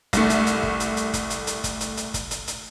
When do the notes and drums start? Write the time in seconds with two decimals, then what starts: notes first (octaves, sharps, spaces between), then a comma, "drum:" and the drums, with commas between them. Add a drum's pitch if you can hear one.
0.13 C2 A3, drum: kick, hi-hat
0.30 drum: hi-hat
0.47 drum: hi-hat
0.63 drum: kick
0.80 drum: hi-hat
0.97 drum: hi-hat
1.14 drum: kick, hi-hat
1.30 drum: hi-hat
1.47 drum: hi-hat
1.64 drum: kick, hi-hat
1.81 drum: hi-hat
1.97 drum: hi-hat
2.14 drum: kick, hi-hat
2.31 drum: hi-hat
2.48 drum: hi-hat